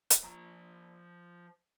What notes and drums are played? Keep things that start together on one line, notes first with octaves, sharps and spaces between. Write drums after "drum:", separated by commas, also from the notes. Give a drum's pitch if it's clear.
drum: hi-hat
F3 A#5